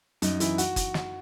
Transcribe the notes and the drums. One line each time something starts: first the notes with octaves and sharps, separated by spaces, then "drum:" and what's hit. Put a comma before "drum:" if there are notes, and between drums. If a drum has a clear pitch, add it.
F#2 D#4, drum: hi-hat
E3 E4, drum: hi-hat
F#4, drum: hi-hat
drum: kick F#1, hi-hat
drum: snare